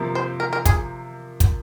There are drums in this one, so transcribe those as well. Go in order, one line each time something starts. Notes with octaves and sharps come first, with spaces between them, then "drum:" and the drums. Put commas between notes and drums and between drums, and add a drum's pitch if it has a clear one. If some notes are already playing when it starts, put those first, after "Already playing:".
Already playing: C3 F3 A#3
C5
A#4
A#4
G#4, drum: kick, hi-hat
drum: kick, hi-hat